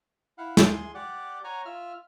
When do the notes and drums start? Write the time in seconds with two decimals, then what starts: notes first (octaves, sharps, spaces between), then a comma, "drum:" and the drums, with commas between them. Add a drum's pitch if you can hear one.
0.38 E4 F5 F#5
0.57 G#4 C6, drum: snare
0.94 G4 D5 F#5
1.44 C#5 F#5 G#5 A#5
1.65 F4 E5 F6